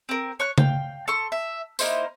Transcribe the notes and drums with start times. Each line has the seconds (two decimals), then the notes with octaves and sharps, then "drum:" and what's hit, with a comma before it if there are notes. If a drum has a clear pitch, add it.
0.09 C4 A#4
0.40 C#5 C#6 F#6
0.58 F5 G5, drum: tom C#3
1.08 A4 C6 C#6
1.32 E5
1.79 A#3 D#4 E4 C5, drum: tambourine